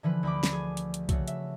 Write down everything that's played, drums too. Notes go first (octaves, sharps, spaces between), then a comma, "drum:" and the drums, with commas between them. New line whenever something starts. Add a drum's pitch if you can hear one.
D3 E3 F3 B4
D2 B5 D6
drum: snare
G#4
drum: hi-hat
drum: hi-hat
C#3 A3 F#4, drum: kick, hi-hat
E5, drum: hi-hat